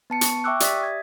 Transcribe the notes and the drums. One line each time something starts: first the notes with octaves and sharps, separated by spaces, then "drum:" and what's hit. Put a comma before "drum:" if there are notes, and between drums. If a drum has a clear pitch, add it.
B3 A5 C#7
C#6, drum: hi-hat
E5 G5 C#6 D6 E6 F#6
G4 D5 E5 D#6 A6 B6, drum: hi-hat
G#6